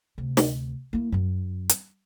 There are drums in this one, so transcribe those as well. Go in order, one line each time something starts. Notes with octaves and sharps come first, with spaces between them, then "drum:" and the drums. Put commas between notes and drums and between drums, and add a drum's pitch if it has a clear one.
D2 C3
drum: snare
A#3 E4
F#2 F#3
drum: hi-hat